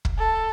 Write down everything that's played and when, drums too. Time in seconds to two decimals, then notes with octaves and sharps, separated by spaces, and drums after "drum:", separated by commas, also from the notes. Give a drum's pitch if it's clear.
0.05 drum: kick
0.18 A4